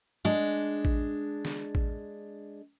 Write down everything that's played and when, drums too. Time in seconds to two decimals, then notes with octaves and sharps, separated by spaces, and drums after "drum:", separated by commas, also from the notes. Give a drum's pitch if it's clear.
0.25 G#3 D4
0.85 drum: kick A1
1.45 drum: snare
1.75 drum: kick A1